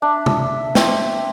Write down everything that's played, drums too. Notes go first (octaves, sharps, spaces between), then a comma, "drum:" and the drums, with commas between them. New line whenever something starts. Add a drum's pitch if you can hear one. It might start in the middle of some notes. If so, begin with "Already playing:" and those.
D4 E5
drum: tom
C4, drum: snare